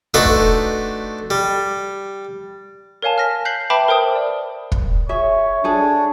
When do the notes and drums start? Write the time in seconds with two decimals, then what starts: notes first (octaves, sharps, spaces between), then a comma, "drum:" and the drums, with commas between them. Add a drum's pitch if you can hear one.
0.14 A3 D4 D#4 F#4 B4 C5
0.25 drum: kick
1.30 G3
3.02 A#4 C#5 F5 G#5 A5
3.18 F6 A#6 B6
3.45 F#6 G6 B6 C7 F#7
3.70 B4 E5 G5 A5 B5 D6
3.88 A#4 C5 G5 D#6
4.16 D5
4.72 drum: kick
5.09 G#4 C#5 E5
5.64 D4 G#4 A4